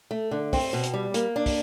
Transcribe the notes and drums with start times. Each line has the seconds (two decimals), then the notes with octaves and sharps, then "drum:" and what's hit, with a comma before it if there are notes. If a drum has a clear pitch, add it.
0.11 A3
0.31 D3
0.53 C4, drum: kick, open hi-hat
0.73 B2
0.84 drum: hi-hat
0.94 G3
1.14 A#3, drum: hi-hat
1.36 D4
1.46 drum: kick, open hi-hat